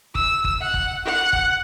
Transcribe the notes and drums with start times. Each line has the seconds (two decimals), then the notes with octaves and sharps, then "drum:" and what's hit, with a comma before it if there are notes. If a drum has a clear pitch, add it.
0.15 E6, drum: kick G1
0.44 drum: kick G1
0.61 F#5
0.74 drum: kick G1
1.06 F#5
1.33 drum: kick G1